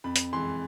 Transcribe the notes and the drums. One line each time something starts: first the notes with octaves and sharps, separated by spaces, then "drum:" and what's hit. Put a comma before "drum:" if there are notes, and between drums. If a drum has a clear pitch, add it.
F2 B5
drum: hi-hat
E3 G#3 C6